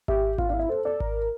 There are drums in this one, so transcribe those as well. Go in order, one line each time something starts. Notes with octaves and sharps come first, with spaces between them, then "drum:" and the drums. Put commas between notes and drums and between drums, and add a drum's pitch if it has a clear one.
G4 E5, drum: kick G#1
F4 F5, drum: kick G#1
D4 F5
E4
E5
A4 C5
A4 D5
A#4, drum: kick G#1